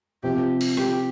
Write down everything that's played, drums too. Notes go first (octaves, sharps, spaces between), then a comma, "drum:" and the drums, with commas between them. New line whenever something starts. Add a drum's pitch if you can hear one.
C3 F3 C4 G4
drum: open hi-hat
G4, drum: rim click